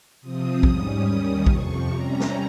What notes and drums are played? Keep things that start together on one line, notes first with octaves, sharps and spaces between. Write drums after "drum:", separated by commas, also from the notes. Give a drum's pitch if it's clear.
C3 F3 C4 D#6
G#2 G3 C#4, drum: kick A#1
D#2 D#3 G3 C#4 D#6
F2 C3 F3 C#6, drum: kick A#1
C3 G3 C#4 A#5
drum: snare